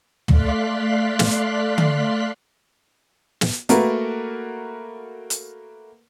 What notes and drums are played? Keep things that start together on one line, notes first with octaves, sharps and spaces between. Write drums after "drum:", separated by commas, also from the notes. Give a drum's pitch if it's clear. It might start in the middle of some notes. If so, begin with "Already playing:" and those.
A3 D5 F5 C6 F#6 B6, drum: tom
drum: snare
drum: tom D3
drum: snare
A3 A#3 F#4 A#4 B4, drum: hi-hat
drum: hi-hat